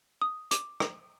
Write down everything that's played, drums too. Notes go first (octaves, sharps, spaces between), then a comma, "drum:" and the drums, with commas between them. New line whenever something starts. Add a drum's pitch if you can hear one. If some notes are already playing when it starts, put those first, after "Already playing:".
D#6
D6, drum: hi-hat
drum: rim click